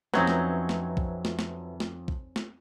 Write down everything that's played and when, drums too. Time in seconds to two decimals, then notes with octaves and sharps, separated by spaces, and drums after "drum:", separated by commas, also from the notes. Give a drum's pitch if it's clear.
0.14 F2 F#3 C4 C#4 D#4 B4 E5 G#6, drum: snare
0.27 drum: snare
0.69 drum: snare
0.97 drum: kick
1.25 drum: snare
1.39 drum: snare
1.80 drum: snare
2.08 drum: kick
2.36 drum: snare